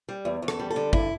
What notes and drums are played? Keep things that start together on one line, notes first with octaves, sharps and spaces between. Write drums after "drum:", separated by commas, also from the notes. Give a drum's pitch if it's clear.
G3
E2
E2
A4, drum: rim click
G3
A4
D3
G2 E4, drum: kick